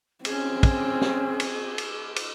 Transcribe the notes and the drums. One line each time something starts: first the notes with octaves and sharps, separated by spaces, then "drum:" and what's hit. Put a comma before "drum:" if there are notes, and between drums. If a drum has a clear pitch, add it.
C4 C#4 G#4, drum: cymbal
drum: kick, cymbal
drum: snare
drum: cymbal
drum: cymbal
drum: cymbal